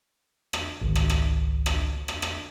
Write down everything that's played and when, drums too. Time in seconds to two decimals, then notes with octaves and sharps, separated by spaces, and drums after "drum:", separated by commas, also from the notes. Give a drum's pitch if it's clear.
0.53 drum: rim click
0.81 G#1 C#2
0.95 drum: rim click
1.10 drum: rim click
1.66 drum: rim click
2.08 drum: rim click
2.22 drum: rim click